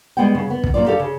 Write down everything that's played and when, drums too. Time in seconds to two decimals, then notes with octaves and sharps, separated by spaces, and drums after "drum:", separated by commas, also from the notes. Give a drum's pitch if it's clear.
0.17 G3 G#3 B3 F#5 G5
0.35 C#3
0.50 B3
0.64 drum: kick
0.74 A#2 F#3 F4 D5
0.86 G4 A4 D5 F5
1.00 C#3